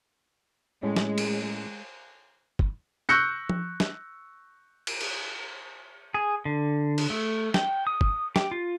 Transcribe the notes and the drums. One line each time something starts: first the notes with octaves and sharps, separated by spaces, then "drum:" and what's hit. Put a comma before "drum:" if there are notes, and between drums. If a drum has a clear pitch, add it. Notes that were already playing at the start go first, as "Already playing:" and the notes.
A2 G#3 C#4
drum: snare
drum: cymbal
drum: kick
C#6 E6 F#6 G6 A#6 C#7
drum: tom F3
drum: snare
drum: cymbal
drum: cymbal
G#4
D3
drum: cymbal
A3
G5, drum: snare
D#6
drum: kick
G4, drum: snare
F4